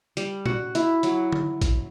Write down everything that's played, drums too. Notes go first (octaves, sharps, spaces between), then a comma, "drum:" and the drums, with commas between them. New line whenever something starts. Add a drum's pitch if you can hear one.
G3, drum: hi-hat
F#4, drum: tom A#2
E4, drum: hi-hat
F#3, drum: hi-hat
drum: tom D3
drum: kick, hi-hat